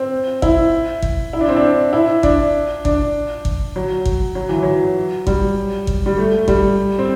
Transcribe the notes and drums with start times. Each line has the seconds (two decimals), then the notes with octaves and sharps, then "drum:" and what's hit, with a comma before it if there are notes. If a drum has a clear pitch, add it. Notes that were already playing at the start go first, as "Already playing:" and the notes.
Already playing: C4
0.42 E4, drum: kick G#1
1.02 drum: kick G#1
1.33 E4
1.41 D4
1.48 C4
1.57 D4
1.93 E4
2.23 D4, drum: kick G#1
2.85 D4, drum: kick G#1
3.45 drum: kick G#1
3.76 F#3
4.05 drum: kick G#1
4.35 F#3
4.49 E3
4.63 F#3
5.27 G3, drum: kick G#1
5.87 drum: kick G#1
6.06 G3
6.17 A3
6.48 G3, drum: kick G#1
6.99 C4